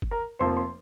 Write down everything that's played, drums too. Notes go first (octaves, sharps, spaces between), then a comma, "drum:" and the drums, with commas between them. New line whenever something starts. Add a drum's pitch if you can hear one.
drum: kick
A#4 A#5
F1 F2 F3 A#3 C5 C6
C6